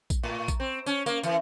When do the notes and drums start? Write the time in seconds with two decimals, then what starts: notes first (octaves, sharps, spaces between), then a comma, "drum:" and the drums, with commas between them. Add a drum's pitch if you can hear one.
0.10 drum: kick A#1, tambourine
0.23 A2
0.48 drum: kick A#1, tambourine
0.60 C4
0.86 C#4, drum: tambourine
1.06 A#3, drum: tambourine
1.23 E3, drum: tambourine